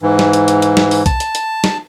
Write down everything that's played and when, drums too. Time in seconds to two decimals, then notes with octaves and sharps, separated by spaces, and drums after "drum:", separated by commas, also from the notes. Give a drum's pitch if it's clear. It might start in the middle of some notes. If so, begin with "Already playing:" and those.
0.02 G#2 E3
0.19 drum: snare
0.33 drum: hi-hat
0.48 drum: hi-hat
0.62 drum: hi-hat
0.77 drum: snare
0.91 drum: open hi-hat
1.06 A5, drum: kick, hi-hat
1.20 drum: hi-hat
1.35 drum: hi-hat
1.64 drum: snare